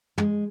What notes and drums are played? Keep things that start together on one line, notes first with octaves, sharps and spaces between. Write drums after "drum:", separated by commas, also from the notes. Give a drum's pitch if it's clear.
G#3, drum: tom